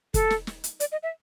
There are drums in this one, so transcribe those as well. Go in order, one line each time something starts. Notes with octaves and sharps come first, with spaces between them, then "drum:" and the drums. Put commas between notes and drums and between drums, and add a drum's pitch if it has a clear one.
A4, drum: kick, hi-hat
drum: snare
drum: snare
drum: hi-hat
D5, drum: hi-hat
D#5
E5